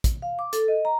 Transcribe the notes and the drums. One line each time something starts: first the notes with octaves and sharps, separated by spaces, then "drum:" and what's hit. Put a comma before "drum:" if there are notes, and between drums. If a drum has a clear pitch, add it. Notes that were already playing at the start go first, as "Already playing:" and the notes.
drum: kick, hi-hat
F5
D6
A4, drum: hi-hat
D#5
A#5